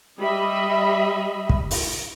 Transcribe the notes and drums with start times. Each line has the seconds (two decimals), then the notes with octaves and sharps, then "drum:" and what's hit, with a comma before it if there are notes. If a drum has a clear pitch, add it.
0.20 G3 D#5 E5 B5
1.49 drum: kick
1.71 drum: open hi-hat